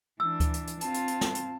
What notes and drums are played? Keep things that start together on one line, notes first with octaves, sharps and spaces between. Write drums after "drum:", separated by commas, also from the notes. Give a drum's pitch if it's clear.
E3 D4 E6
drum: kick D2, hi-hat
drum: hi-hat
drum: hi-hat
C4 F4 A5, drum: hi-hat
drum: hi-hat
drum: hi-hat
drum: snare
drum: hi-hat